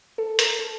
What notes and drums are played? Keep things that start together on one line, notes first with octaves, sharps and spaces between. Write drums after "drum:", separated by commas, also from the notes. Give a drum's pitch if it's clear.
A4
A#4, drum: hi-hat
A4